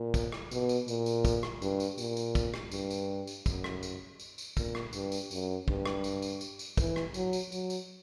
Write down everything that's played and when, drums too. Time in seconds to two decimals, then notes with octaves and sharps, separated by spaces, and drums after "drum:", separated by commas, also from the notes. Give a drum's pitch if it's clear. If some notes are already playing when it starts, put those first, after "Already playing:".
Already playing: A#2
0.14 drum: kick, tambourine
0.32 drum: rim click
0.51 B2, drum: tambourine
0.69 drum: tambourine
0.88 A#2, drum: tambourine
1.06 drum: tambourine
1.25 drum: kick, tambourine
1.43 drum: rim click
1.62 G2, drum: tambourine
1.80 drum: tambourine
1.98 A#2, drum: tambourine
2.17 drum: tambourine
2.35 drum: kick, tambourine
2.54 drum: rim click
2.71 G2, drum: tambourine
2.91 drum: tambourine
3.27 drum: tambourine
3.46 F#2, drum: kick, tambourine
3.64 drum: rim click
3.83 drum: tambourine
4.20 drum: tambourine
4.38 drum: tambourine
4.57 A#2, drum: kick, tambourine
4.75 drum: rim click
4.93 G2, drum: tambourine
5.12 drum: tambourine
5.31 F#2, drum: tambourine
5.68 G2, drum: kick
5.86 drum: rim click
6.04 drum: tambourine
6.22 drum: tambourine
6.41 drum: tambourine
6.59 drum: tambourine
6.77 E3, drum: kick, tambourine
6.96 drum: rim click
7.14 F#3, drum: tambourine
7.33 drum: tambourine
7.52 F#3, drum: tambourine
7.70 drum: tambourine